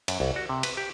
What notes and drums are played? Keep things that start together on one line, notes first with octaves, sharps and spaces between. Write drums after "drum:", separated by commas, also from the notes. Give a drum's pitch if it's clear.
F#2, drum: cymbal
C2
F#4
C3
B4, drum: cymbal
G4